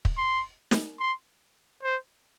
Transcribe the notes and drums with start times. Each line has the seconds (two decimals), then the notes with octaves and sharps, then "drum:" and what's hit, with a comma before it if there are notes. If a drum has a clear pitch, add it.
0.05 drum: kick
0.17 C6
0.71 drum: snare
1.00 C6
1.83 C5